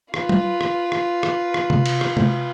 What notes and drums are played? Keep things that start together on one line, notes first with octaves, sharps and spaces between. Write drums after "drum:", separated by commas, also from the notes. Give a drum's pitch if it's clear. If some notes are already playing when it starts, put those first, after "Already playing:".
F4 B4, drum: rim click
drum: tom
drum: rim click
drum: rim click
drum: rim click
drum: rim click
drum: tom C3
drum: cymbal
drum: rim click
drum: tom